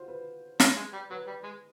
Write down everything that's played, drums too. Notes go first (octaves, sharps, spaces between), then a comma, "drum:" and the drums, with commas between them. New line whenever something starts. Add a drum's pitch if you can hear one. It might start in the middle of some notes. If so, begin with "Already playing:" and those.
Already playing: F4 F#4 C5
B4
C#4, drum: snare
G#3
G3
F#3 B4
G3
G#3